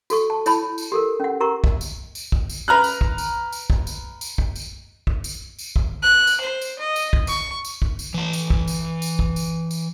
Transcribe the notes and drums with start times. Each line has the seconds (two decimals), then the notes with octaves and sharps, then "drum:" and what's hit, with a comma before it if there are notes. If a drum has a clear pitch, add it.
0.10 F#4 A4 C#6, drum: tambourine
0.30 A5
0.46 E4 C#5 A5 B5, drum: tambourine
0.78 drum: tambourine
0.92 G4 A4 A#4
1.20 C#4 F#5
1.40 G4 A#4 A#5 C#6
1.64 drum: kick
1.81 drum: tambourine
2.15 drum: tambourine
2.32 drum: kick
2.49 drum: tambourine
2.68 B4 A#5 F6 F#6
2.84 drum: tambourine
3.01 drum: kick
3.18 drum: tambourine
3.53 drum: tambourine
3.70 drum: kick
3.87 drum: tambourine
4.21 drum: tambourine
4.38 drum: kick
4.56 drum: tambourine
5.07 drum: kick
5.24 drum: tambourine
5.59 drum: tambourine
5.76 drum: kick
6.02 F#6
6.27 drum: tambourine
6.41 C5
6.62 drum: tambourine
6.79 D#5
6.96 drum: tambourine
7.13 drum: kick
7.27 C#6, drum: tambourine
7.65 drum: tambourine
7.82 drum: kick
7.99 drum: tambourine
8.14 E3 A5
8.33 drum: tambourine
8.50 drum: kick
8.68 drum: tambourine
9.02 drum: tambourine
9.19 drum: kick
9.36 drum: tambourine
9.71 drum: tambourine